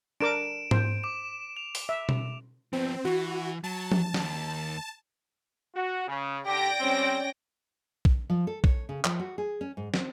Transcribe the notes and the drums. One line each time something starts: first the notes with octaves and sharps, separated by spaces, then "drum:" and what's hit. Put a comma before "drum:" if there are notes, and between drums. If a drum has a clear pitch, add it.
D4 A#4 D6 D7 E7
C5, drum: tom G#2
D6 E7
F7
drum: open hi-hat
E5
drum: tom B2
F3 B3 C4
E3 F#4
F#3 A5
drum: tom F3
D#2, drum: snare
F#4
C#3
D3 G4 D5 G5 A#6
G3 C4 C#4
drum: kick
F3
A4
C#5, drum: kick
C#3
F3, drum: clap
F#4
G#4
C#4
G#2
C4, drum: snare